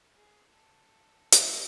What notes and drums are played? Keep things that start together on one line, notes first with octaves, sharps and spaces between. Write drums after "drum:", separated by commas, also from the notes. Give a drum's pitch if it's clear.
G#4
A4
drum: hi-hat